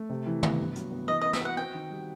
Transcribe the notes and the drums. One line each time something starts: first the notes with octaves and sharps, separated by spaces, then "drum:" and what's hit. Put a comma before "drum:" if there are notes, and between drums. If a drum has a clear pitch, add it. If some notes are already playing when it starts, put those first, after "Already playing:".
Already playing: A3
C3
E3
B3, drum: tom
G2
F#3, drum: hi-hat
B3
E3 D#5
B3 D#5
E5, drum: snare
F#4 F#5
C4 G5
D#3
G3